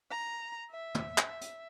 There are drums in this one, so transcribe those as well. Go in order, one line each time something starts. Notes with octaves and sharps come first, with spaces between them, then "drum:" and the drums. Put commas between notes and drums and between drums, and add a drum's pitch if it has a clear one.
A#5
E5
drum: tom
drum: clap
drum: hi-hat